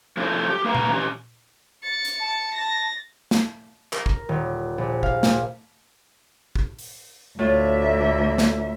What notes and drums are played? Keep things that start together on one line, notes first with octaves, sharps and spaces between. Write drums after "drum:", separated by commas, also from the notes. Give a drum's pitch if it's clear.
F3 A3 A#3 C4 C#4 E4
G4
A#3 B4 F5 F#5 A#5
drum: tom A#2
E3 C#4 G4
A6 C#7
drum: hi-hat
A5
A6 A#6
drum: snare
A#4, drum: clap
drum: kick
D#1
A#1
F5, drum: kick
A#2, drum: snare
drum: kick
drum: open hi-hat
D2 A2 F4 E5
drum: snare